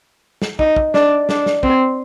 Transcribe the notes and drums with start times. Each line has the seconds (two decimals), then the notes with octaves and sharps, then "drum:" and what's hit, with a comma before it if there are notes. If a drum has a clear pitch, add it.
0.42 drum: snare
0.59 D#4, drum: kick
0.76 drum: kick
0.94 D4, drum: snare
1.29 D4, drum: snare
1.46 drum: snare
1.63 C4, drum: kick